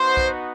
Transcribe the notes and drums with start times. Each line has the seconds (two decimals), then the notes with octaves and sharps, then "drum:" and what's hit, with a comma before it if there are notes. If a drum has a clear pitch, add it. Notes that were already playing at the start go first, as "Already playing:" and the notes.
Already playing: B3 D#4 F#4 C5
0.17 drum: kick B1